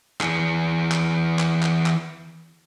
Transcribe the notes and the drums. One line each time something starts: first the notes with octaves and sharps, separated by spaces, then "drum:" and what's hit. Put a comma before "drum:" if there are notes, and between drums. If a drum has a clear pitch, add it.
E3 G#4, drum: clap
drum: clap
drum: clap
drum: clap
drum: clap